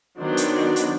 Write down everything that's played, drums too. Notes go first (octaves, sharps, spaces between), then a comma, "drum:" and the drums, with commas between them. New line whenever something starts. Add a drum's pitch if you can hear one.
D#3 F#3 B3 D4 C5
drum: hi-hat
drum: hi-hat